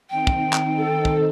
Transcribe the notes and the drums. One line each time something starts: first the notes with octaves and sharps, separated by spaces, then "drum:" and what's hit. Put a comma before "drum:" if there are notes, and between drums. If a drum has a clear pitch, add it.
D#3 C4 D#4 G5
drum: kick
drum: clap
A4
drum: kick